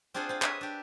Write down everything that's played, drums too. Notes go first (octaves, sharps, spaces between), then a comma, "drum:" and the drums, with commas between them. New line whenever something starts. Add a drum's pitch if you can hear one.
C4 D4 F4 G#4 C5 F#5
C4 F5
B4 C#5 D#5 E5 G#5 C6, drum: clap
D4 G4